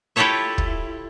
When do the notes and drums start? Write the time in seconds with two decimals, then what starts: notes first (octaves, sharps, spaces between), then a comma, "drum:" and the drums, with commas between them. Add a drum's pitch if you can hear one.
0.16 E4 F4 G4 A4 C#5 E5
0.58 drum: kick